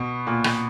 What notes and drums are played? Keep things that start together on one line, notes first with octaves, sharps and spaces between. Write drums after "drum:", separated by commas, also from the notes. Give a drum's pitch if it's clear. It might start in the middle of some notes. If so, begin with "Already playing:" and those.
Already playing: B2
A#2
drum: rim click